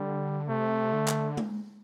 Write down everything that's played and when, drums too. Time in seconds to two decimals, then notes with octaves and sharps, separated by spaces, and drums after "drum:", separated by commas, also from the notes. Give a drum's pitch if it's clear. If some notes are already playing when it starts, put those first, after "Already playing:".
Already playing: D3 G3
0.48 C3 A3
0.93 D3
1.08 drum: clap
1.37 drum: tom G#3